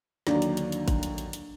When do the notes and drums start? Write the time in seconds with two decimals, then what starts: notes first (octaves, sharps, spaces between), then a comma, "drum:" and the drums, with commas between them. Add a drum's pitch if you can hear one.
0.27 D#2 D3 F#3 D4, drum: snare
0.42 drum: hi-hat
0.57 drum: hi-hat
0.72 drum: hi-hat
0.88 drum: kick G#1, hi-hat
1.03 drum: hi-hat
1.18 drum: hi-hat
1.33 drum: hi-hat